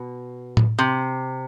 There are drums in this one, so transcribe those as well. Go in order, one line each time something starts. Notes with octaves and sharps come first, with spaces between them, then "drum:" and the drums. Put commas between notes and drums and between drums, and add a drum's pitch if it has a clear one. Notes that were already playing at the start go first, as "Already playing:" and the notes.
Already playing: B2
drum: tom A2
C3